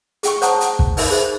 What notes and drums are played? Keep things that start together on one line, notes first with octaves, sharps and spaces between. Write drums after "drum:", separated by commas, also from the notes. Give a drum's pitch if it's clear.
G#4 G5 C#6, drum: hi-hat
C5 C#5 F#5 A5 A#5 D#6, drum: hi-hat
drum: hi-hat
drum: kick
D#4 A#4 B4 E5 B5, drum: open hi-hat
D#4 G#4 C5